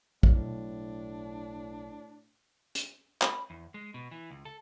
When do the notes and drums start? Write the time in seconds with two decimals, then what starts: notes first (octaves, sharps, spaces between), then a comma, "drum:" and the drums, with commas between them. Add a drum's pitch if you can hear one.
0.23 B1 A2 D4, drum: kick
2.75 drum: hi-hat
3.22 B5, drum: clap
3.50 E2
3.74 G#3
3.94 B2
4.11 E3
4.31 C#2
4.45 A4